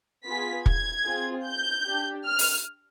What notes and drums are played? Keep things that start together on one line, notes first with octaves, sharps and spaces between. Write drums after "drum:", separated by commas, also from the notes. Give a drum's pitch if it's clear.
B3 F4 G#4 B6
G#6, drum: kick
C4 F4 G#4
G6
D4 G4
F6
drum: open hi-hat